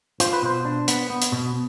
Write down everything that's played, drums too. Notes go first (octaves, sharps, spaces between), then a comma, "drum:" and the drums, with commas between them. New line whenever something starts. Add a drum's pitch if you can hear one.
F4 C5, drum: hi-hat
B4
B2 C5
D4
B3, drum: hi-hat
B3
drum: hi-hat
B2